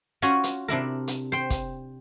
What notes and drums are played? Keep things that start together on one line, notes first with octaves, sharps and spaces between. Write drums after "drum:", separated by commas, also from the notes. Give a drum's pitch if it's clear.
C#4 F4 F#4 G#5
drum: hi-hat
C3 D4 E4 A#4
drum: hi-hat
C5 G5
drum: kick, hi-hat